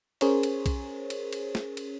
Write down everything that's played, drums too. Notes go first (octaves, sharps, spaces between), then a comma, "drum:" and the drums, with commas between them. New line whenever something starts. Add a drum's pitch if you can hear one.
C#4 G#4 A#4 C5 C#5, drum: cymbal
drum: cymbal
drum: kick B1, cymbal
drum: cymbal
drum: cymbal
drum: snare
drum: cymbal